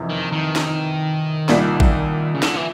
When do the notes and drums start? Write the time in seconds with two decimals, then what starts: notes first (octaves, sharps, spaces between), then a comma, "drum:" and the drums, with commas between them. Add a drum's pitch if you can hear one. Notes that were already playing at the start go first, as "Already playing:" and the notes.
Already playing: F#1 F2 C3 E3
0.09 D#3
0.32 D#3
0.56 drum: snare
1.49 C2 A#2 G3, drum: snare
1.80 drum: kick A1
2.34 C#3
2.42 D3, drum: snare
2.55 E3